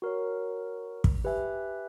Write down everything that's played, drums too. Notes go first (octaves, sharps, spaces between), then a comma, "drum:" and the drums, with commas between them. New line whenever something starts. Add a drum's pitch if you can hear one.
F#4 A#4 C#5
drum: kick
G4 B4 E5 G#5